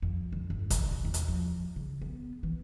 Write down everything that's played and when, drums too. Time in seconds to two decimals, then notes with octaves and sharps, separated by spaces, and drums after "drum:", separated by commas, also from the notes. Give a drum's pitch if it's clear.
0.02 F2
0.33 D3
0.50 G1
0.70 E3, drum: kick, hi-hat
0.91 C3
1.05 E2
1.14 drum: hi-hat
1.28 F3
1.60 F2
1.76 C#3
2.02 B3
2.43 E3